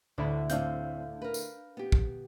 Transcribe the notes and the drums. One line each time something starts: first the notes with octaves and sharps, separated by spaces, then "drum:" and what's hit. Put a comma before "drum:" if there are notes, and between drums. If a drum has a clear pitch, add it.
D2 A2 D3 E4
A2 C4 D4 F5 G6, drum: hi-hat
A#4 B4
drum: tambourine
B3 G4
drum: kick